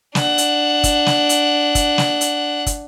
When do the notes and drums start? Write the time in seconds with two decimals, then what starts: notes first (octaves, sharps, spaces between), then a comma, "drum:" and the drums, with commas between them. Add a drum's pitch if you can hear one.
0.15 D4 F#5, drum: snare
0.38 drum: hi-hat
0.84 drum: kick, hi-hat
1.06 drum: snare
1.29 drum: hi-hat
1.75 drum: kick, hi-hat
1.98 drum: snare
2.21 drum: hi-hat
2.67 drum: kick, hi-hat